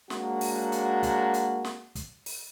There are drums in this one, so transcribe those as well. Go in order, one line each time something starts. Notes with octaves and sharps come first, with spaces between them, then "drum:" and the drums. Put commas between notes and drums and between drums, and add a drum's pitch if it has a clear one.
F#3 G#3 A#3 D4 F#4, drum: snare
drum: open hi-hat
drum: hi-hat
drum: kick, hi-hat
drum: hi-hat
drum: snare
drum: kick, hi-hat
drum: open hi-hat